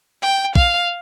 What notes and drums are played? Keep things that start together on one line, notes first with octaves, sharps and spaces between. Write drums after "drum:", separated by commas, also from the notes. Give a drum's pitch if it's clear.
G5
F5, drum: kick